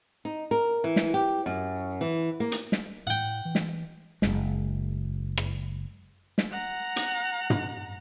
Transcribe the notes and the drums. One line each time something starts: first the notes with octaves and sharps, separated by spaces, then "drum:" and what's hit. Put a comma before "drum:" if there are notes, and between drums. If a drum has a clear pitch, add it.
D#4
A#4
E3
drum: snare
G4
F#2
E3
A#3
drum: hi-hat
drum: snare
A2 F#5 G5
E3
drum: snare
F#1 D#2 G#3, drum: snare
drum: rim click
drum: snare
F#5 A#5
drum: hi-hat
drum: tom